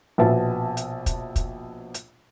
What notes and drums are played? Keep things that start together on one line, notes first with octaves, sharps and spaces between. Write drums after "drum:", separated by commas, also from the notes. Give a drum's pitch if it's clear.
A#1 B2 B3 E5 A5
drum: hi-hat
drum: kick, hi-hat
drum: kick, hi-hat
drum: hi-hat